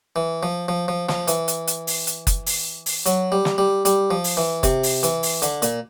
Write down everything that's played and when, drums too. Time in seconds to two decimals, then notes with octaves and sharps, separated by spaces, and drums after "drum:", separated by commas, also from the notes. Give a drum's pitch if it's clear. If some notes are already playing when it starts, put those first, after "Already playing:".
0.16 E3
0.43 F3
0.68 F3
0.88 F3
1.09 F3, drum: snare
1.28 E3, drum: hi-hat
1.48 drum: hi-hat
1.67 drum: hi-hat
1.87 drum: open hi-hat
2.07 drum: hi-hat
2.27 drum: kick F#1, hi-hat
2.46 drum: open hi-hat
2.86 drum: open hi-hat
3.06 F#3, drum: hi-hat
3.32 G3
3.45 drum: snare
3.58 G3
3.85 G3, drum: hi-hat
4.11 F3
4.24 drum: open hi-hat
4.37 E3
4.63 C3, drum: kick F#1, hi-hat
4.83 drum: open hi-hat
5.03 E3, drum: hi-hat
5.23 drum: open hi-hat
5.42 D3, drum: hi-hat
5.62 A#2, drum: hi-hat